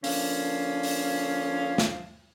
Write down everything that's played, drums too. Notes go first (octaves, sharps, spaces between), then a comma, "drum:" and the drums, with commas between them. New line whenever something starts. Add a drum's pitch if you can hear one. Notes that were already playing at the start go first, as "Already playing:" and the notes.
D3 F3 A#3 C#4 F5, drum: open hi-hat
drum: open hi-hat
drum: snare